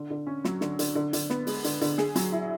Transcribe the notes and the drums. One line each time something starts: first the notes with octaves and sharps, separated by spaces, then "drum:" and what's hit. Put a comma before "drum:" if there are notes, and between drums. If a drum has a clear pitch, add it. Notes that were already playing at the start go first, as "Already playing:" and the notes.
Already playing: D3
D3
C#4
F#3, drum: snare
D3, drum: snare
D3, drum: hi-hat
D3
D3, drum: hi-hat
B3, drum: snare
G#3, drum: open hi-hat
D3, drum: hi-hat
D3, drum: hi-hat
G#4, drum: snare
F#3, drum: hi-hat
E4